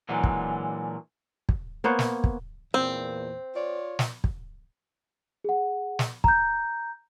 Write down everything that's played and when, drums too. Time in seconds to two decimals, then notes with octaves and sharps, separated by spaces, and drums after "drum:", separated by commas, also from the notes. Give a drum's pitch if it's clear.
0.09 A#2 D3 E3 F#3 G#3
0.24 drum: kick
1.49 drum: kick
1.84 A#3 B3 C5 C#5
1.99 drum: snare
2.24 drum: kick
2.74 E2 A#2 C4
3.54 F4 C#5 D5
3.99 drum: snare
4.24 drum: kick
5.44 G#4 F#5
5.99 drum: snare
6.24 A#5 G6, drum: kick